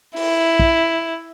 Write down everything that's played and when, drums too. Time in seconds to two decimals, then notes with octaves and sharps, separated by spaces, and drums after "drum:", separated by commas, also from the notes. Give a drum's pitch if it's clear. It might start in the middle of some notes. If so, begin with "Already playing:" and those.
0.16 E4, drum: open hi-hat
0.59 drum: kick